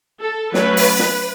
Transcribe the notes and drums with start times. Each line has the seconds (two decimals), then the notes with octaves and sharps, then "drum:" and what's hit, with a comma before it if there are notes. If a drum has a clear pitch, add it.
0.21 A4
0.54 F#3 A3 C#4 B4, drum: snare
0.77 drum: open hi-hat
0.99 drum: snare